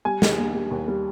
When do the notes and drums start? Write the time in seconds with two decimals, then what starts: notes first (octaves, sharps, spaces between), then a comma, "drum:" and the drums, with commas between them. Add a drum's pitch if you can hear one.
0.05 G3 G#5
0.22 D#2, drum: snare
0.39 A#3
0.55 G3
0.71 D#2
0.88 G3